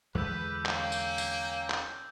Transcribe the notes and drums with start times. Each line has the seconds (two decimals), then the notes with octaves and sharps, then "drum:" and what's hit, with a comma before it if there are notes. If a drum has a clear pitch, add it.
0.15 E2 D3 G#3 A4 B4 D6 E6 G6
0.66 A#3 C#4 G5, drum: clap
0.92 drum: tambourine
1.18 drum: tambourine
1.70 drum: clap